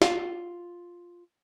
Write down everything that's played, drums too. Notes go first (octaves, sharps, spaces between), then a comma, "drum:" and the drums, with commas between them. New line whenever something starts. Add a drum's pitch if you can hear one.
F4, drum: snare